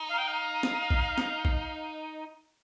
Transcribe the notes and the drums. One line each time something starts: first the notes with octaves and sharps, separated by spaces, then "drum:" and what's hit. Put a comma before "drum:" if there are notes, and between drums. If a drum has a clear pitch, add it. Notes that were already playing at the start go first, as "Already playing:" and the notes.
Already playing: D#4
F5
G5
F5
drum: snare
drum: kick
drum: snare
drum: kick